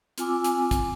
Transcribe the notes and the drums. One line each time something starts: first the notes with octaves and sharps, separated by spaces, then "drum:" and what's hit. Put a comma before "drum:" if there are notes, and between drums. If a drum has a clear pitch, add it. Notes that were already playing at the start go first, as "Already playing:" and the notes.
C4 F4 G#5 D6 E6, drum: hi-hat
drum: hi-hat
drum: kick, hi-hat